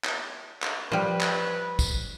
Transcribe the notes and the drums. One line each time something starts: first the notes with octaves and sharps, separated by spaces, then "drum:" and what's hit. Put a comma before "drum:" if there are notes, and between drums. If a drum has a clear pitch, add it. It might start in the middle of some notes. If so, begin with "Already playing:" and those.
drum: clap
drum: clap
F3 G3 B4
drum: clap
drum: kick, tambourine